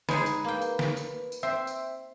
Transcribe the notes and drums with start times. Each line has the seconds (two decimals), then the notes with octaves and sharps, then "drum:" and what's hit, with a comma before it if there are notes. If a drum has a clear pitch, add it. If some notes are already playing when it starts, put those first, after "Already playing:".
0.09 G#3 D#4 G#4 B4, drum: snare
0.26 drum: tambourine
0.44 A#3 G5
0.61 drum: tambourine
0.79 drum: snare
0.97 drum: tambourine
1.32 drum: tambourine
1.43 C4 E5
1.67 drum: tambourine